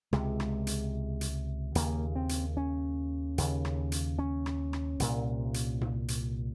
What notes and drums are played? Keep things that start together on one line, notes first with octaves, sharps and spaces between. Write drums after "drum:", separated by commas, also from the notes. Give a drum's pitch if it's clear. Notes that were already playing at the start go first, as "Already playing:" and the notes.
C#2 C3 G#3, drum: rim click
drum: rim click
drum: hi-hat
drum: hi-hat
D#2 C#3 A#3, drum: hi-hat
C4
drum: hi-hat
C#4
D#2 C#3, drum: hi-hat
drum: rim click
drum: hi-hat
C#4
drum: rim click
drum: rim click
C2 A#2, drum: hi-hat
drum: hi-hat
drum: tom G#2
drum: hi-hat